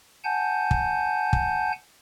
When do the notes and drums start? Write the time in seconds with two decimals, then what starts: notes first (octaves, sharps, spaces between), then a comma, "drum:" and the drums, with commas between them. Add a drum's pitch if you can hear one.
0.24 F#5 G#5 A5 G6
0.71 drum: kick
1.33 drum: kick